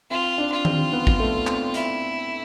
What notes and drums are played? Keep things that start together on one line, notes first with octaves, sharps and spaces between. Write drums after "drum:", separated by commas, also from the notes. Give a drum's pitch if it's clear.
C4 F4
D4
F4
C4, drum: tom D#3
B3
drum: kick
A3
C4, drum: clap
E4, drum: hi-hat